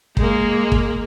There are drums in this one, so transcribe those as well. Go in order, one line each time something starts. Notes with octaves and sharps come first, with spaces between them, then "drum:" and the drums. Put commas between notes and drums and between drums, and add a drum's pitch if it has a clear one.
G#3 A#3, drum: kick
drum: kick